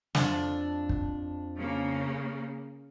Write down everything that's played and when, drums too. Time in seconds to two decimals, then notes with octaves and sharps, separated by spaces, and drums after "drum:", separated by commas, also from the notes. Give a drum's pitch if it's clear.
0.15 F2 D4, drum: snare
0.89 drum: kick
1.56 C#3 A#3